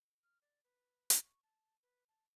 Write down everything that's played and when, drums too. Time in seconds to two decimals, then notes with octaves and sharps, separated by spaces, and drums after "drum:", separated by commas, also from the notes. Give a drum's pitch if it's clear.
0.23 F6
0.42 D5
0.64 B4
1.10 drum: hi-hat
1.22 C#6
1.43 A5
1.83 B4
2.08 A5